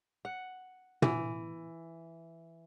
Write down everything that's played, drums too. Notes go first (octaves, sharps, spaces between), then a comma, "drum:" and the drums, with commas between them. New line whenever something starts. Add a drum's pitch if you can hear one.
F#5
E3, drum: tom